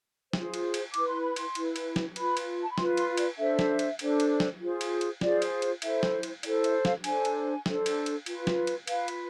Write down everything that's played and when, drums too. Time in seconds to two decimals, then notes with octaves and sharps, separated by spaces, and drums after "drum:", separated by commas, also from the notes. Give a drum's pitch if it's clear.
0.33 F4 G#4 C5, drum: snare
0.54 drum: cymbal
0.74 drum: cymbal
0.94 E4 B4 D6, drum: cymbal
1.08 C6
1.21 B5
1.36 C6, drum: cymbal
1.55 E4 B4, drum: cymbal
1.76 drum: cymbal
1.96 drum: snare
2.16 F4 B4 B5, drum: cymbal
2.37 drum: cymbal
2.62 A5
2.70 B5
2.78 F4 B4 C6, drum: snare
2.97 C6, drum: cymbal
3.17 D5, drum: cymbal
3.38 D4 A4 C5 E5
3.59 drum: snare
3.79 drum: cymbal
3.99 D4 A4 C5, drum: cymbal
4.20 drum: cymbal
4.40 drum: snare
4.60 F4 G#4 C5
4.81 drum: cymbal
5.01 drum: cymbal
5.21 F4 G#4 C5 D5, drum: snare
5.42 drum: cymbal
5.62 drum: cymbal
5.82 E4 A4 C5 E5, drum: cymbal
6.03 drum: snare
6.23 drum: cymbal
6.43 E4 A4 C5 D5, drum: cymbal
6.64 E5, drum: cymbal
6.85 F5, drum: snare
7.04 D4 A4 C5 G#5, drum: cymbal
7.25 drum: cymbal
7.66 D4 A4 C5, drum: snare
7.86 drum: cymbal
8.06 drum: cymbal
8.26 F4 B4, drum: cymbal
8.47 drum: snare
8.67 drum: cymbal
8.87 F4 B4 F5, drum: cymbal
9.08 drum: cymbal